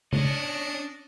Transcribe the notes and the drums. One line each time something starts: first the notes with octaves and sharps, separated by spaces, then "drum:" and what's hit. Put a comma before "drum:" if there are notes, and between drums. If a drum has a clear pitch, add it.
C#4 D4 D5 D#5, drum: tom